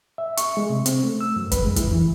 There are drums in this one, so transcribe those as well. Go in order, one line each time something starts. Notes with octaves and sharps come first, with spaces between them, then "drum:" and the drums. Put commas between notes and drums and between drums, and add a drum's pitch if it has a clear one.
E5
C#6, drum: hi-hat
G#3
C3
C4, drum: hi-hat
A3
E6
F#2
B4, drum: kick F2, hi-hat
G#3
E4, drum: kick F2, hi-hat
E3